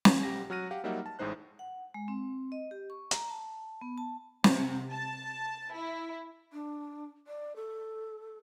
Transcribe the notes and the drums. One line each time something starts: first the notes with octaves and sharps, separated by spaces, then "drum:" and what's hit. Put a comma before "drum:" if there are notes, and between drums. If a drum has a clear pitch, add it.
drum: snare
B1 G4 A#6
F#3 F#4 F6 F#6 A#6 D#7
G4 F5 F#5
F#3 G3 A#3 D#4 E5 F#5
A5
A1 A2 G#3 D#4 C5 F#6
F#5
G#3
C4
D#5
G4
C#6
A#5, drum: hi-hat
A5
B3
A5
C3, drum: snare
A5
E4
D4
D5
A4